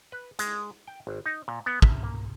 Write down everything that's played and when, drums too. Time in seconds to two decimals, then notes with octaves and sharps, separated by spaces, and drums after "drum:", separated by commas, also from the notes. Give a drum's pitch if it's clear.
0.12 B4
0.39 G#3, drum: hi-hat
0.87 G5
1.07 G#1
1.26 D#4
1.48 A#2
1.66 B3
1.82 E5, drum: kick
2.03 A#3